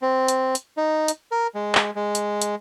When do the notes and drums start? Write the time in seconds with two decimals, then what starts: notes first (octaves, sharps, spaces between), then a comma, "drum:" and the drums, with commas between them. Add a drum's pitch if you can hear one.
0.02 C4
0.28 drum: hi-hat
0.55 drum: hi-hat
0.77 D#4
1.08 drum: hi-hat
1.31 A#4
1.55 G#3
1.75 drum: clap
1.96 G#3
2.15 drum: hi-hat
2.42 drum: hi-hat